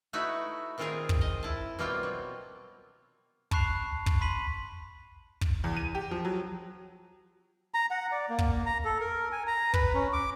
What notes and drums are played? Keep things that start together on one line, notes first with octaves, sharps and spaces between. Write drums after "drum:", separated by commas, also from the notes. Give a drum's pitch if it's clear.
A3 D#4 E4 F#4 B4 E5
A#2 D#3 C4 F4 G#4 A#4
drum: kick
D#5
E4 A5
B2 G3 A#3 C4 F4 G5
F#3
A5 B5 C#6 F#6 C7 F7, drum: kick
drum: kick
B5 C6 B6 D#7 F#7
drum: kick
E2
D#7
G4
F3
F#3
A#5
F#5
D5
A#3
drum: kick
A#5
A4
A#4
G#5
A#5
B4, drum: kick
C#4
D6